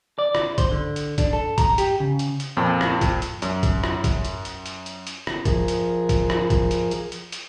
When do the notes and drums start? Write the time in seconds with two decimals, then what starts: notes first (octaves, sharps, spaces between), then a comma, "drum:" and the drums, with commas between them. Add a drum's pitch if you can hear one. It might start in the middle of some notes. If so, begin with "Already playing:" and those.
0.19 D5
0.35 drum: rim click
0.58 C5, drum: kick, hi-hat
0.71 D3
0.96 drum: hi-hat
1.18 D4, drum: kick, hi-hat
1.33 A4
1.58 A#5, drum: kick, hi-hat
1.78 G4, drum: hi-hat
2.00 C#3
2.19 drum: hi-hat
2.40 drum: hi-hat
2.57 F2 A#2
2.81 drum: rim click
3.01 drum: kick, hi-hat
3.22 drum: hi-hat
3.42 F#2, drum: hi-hat
3.63 drum: kick, hi-hat
3.84 drum: rim click
4.04 drum: kick, hi-hat
4.25 drum: hi-hat
4.45 drum: hi-hat
4.66 drum: hi-hat
4.86 drum: hi-hat
5.07 drum: hi-hat
5.27 drum: rim click
5.45 F3 G#4 A#4, drum: kick, hi-hat
5.68 drum: hi-hat
6.09 drum: kick, hi-hat
6.30 drum: rim click
6.50 drum: kick, hi-hat
6.71 drum: hi-hat
6.91 drum: hi-hat
7.12 drum: hi-hat
7.32 drum: hi-hat